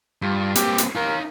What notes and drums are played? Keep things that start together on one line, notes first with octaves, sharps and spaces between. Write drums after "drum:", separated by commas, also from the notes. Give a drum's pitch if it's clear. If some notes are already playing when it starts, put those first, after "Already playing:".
G2 F4
A#3 C4 G4, drum: hi-hat
drum: hi-hat
D#4 A#4 F5